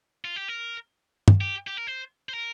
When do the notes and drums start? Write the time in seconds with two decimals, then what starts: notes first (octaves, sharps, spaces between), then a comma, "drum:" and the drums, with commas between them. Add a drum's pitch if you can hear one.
0.25 F4
0.36 G4
0.48 A#4
1.28 drum: tom
1.41 G4
1.67 G4
1.77 A#4
1.87 C5
2.29 C5
2.33 A#4